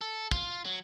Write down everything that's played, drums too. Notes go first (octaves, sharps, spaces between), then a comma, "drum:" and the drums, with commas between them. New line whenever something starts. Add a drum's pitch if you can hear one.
A4
F4, drum: kick
F#3